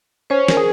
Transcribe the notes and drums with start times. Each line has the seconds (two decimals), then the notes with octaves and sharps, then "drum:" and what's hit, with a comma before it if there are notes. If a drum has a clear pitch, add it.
0.30 C#4 C5
0.48 A#4, drum: snare
0.57 G#4